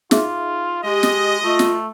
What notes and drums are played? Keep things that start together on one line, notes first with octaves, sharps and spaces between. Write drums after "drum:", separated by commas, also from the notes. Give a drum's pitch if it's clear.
D#4 F4 G#4 E5, drum: snare
G#3 G4 D#5
drum: snare
A3 F4
drum: snare